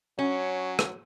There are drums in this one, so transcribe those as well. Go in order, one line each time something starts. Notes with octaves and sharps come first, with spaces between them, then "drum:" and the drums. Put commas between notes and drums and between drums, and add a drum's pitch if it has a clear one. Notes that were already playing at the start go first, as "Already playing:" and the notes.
F#3 C#4
drum: rim click